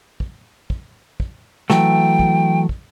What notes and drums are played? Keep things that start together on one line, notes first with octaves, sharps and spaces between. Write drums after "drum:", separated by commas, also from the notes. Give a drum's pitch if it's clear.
drum: kick
drum: kick
drum: kick
E3 F#3 A3 G5, drum: snare
drum: kick
drum: kick